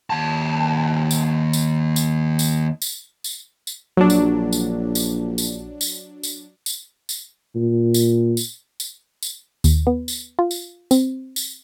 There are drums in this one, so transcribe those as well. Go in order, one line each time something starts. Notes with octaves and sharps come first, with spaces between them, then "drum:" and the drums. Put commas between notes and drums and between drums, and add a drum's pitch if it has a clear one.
D#2 A5
drum: tambourine
drum: tambourine
drum: tambourine
drum: tambourine
drum: tambourine
drum: tambourine
drum: tambourine
A#1 F#3 D4
drum: tambourine
drum: tambourine
drum: tambourine
drum: tambourine
drum: tambourine
drum: tambourine
drum: tambourine
drum: tambourine
A#2
drum: tambourine
drum: tambourine
drum: tambourine
drum: tambourine
D#2, drum: tambourine
B3
drum: tambourine
F4
drum: tambourine
C4, drum: tambourine
drum: tambourine